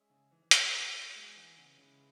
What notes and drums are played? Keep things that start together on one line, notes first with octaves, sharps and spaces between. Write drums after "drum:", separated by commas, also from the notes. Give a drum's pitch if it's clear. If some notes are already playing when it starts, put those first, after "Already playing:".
Already playing: G#3 C#4 G#4 E5
C#3
E3
E3
F#3 F#4 E5 G#5, drum: hi-hat
G#3 B3 G#4 E5
E3
C#3
C#3 G#3 C#4 E4 B4